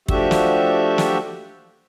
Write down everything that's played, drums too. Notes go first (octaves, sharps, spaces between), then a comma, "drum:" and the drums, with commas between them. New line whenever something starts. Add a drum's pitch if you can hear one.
F3 A3 D4 F#4 G4 E5, drum: kick
drum: snare
drum: snare